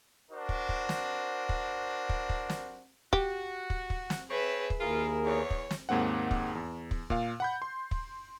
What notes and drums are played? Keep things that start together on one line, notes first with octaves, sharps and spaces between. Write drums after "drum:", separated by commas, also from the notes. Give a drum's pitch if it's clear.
D4 F#4 A#4 C5
drum: kick
drum: kick
drum: snare
drum: kick
drum: kick
drum: kick
drum: snare
F#4 G4, drum: kick
drum: kick
drum: kick
drum: snare
C4 G#4 B4 C#5 E5
drum: kick
D#2 E4 F4 G#4 A#4
E2 C#5
drum: kick
drum: snare
D#2 G#2 A#3 C4 F#5
drum: kick
E2
drum: kick
A#2 F5, drum: kick
F#5 B5 G6
C6
drum: kick